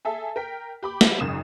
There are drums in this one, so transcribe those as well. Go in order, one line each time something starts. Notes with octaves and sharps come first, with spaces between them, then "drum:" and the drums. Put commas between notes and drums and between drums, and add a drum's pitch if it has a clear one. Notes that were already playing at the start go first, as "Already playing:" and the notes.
G#4 A4 E5
A#4 G5 B6
G4 B5 D6
drum: snare
G#1 F#2 C#3 D#6 E7